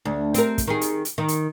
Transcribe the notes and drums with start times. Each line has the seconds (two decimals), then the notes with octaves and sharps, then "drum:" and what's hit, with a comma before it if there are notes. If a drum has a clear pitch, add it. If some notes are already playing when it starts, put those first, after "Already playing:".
0.05 D2
0.34 C4 A#4, drum: hi-hat
0.58 drum: kick, hi-hat
0.67 D#3 G#4
0.81 drum: hi-hat
1.05 drum: hi-hat
1.18 D#3
1.28 drum: hi-hat